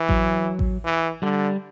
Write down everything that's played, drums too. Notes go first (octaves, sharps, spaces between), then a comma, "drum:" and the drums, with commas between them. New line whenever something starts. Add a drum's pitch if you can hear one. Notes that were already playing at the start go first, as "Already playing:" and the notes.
Already playing: E3
F#3, drum: kick A1
drum: kick A1
E3
D3 G3